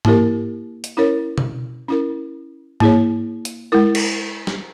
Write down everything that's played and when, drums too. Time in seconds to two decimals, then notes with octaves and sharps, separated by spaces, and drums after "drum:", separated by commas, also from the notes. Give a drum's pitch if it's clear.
0.05 A#3 E4 G4 A#4, drum: tom G#2
0.84 drum: hi-hat
0.97 C#4 E4 A#4 C#5
1.38 drum: tom B2
1.88 C#4 E4 A#4
2.80 A#3 E4 G#4 C#5, drum: tom G#2
3.45 drum: hi-hat
3.72 G#3 E4 A#4
3.95 drum: cymbal
4.47 drum: snare